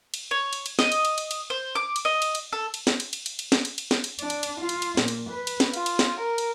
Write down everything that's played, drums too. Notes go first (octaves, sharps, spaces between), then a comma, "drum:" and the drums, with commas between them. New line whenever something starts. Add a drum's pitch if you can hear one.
drum: cymbal
C#5
drum: cymbal
drum: cymbal
D#5, drum: snare
drum: cymbal
drum: cymbal
drum: cymbal
drum: cymbal
C5
D6
drum: cymbal
D#5
drum: cymbal
drum: cymbal
A4
drum: cymbal
drum: snare
drum: cymbal
drum: cymbal
drum: cymbal
drum: cymbal
drum: snare
drum: cymbal
drum: cymbal
drum: snare
drum: cymbal
D4, drum: cymbal
drum: cymbal
drum: cymbal
F4
drum: cymbal
drum: cymbal
A#2, drum: snare
drum: cymbal
B4
drum: cymbal
drum: snare
F4, drum: cymbal
drum: cymbal
drum: snare
A#4
drum: cymbal